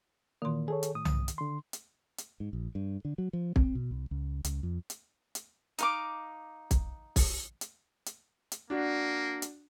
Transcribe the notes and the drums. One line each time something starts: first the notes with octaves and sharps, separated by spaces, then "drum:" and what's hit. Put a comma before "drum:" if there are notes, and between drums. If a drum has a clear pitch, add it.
A#2 D#3 E3 A#3 C6
G#4 A4 C#5 G#5
drum: hi-hat
A2 D#6
drum: tom C2
drum: hi-hat
D3 C6
drum: hi-hat
drum: hi-hat
G#2
A#1
G2
D3
F#3
F3
C4, drum: kick
B2
C2
C#2
C#2, drum: hi-hat
F2
drum: hi-hat
drum: hi-hat
D#4 F5 D6, drum: hi-hat
drum: kick, hi-hat
drum: kick, open hi-hat
drum: hi-hat
drum: hi-hat
drum: hi-hat
A#3 D4 F#4
drum: hi-hat